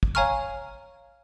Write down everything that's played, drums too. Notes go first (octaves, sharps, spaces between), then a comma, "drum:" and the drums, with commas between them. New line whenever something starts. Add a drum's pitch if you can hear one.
drum: kick
C#5 F5 G#5 A#5 C#6 F6